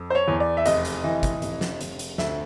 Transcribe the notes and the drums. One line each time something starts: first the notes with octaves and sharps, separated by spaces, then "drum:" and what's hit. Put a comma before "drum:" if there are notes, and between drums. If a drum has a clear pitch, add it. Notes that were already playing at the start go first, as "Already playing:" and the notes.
Already playing: F2
C5
C#5
E2
D5
E5
F1 D#5, drum: hi-hat
drum: hi-hat
E3
drum: kick, hi-hat
F1, drum: hi-hat
drum: snare
F1, drum: hi-hat
drum: hi-hat
D2 E5, drum: snare